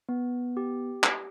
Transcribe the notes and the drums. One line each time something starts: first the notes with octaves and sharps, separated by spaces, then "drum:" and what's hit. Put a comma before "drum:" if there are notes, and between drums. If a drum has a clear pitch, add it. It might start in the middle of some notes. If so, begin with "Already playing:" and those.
B3
G4
drum: clap